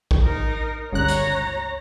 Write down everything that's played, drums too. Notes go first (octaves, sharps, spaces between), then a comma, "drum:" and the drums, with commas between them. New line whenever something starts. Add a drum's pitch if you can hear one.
drum: kick A1
D#4 A#4
G1 C#2 C#5 A#5 F#6
drum: hi-hat